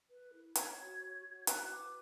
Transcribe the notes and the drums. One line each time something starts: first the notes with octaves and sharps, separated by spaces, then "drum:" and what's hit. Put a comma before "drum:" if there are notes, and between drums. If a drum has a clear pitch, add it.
B4
E4
C#5 G#6, drum: hi-hat
F#4
C#5
F#4
E4 F#6, drum: hi-hat
B4 D6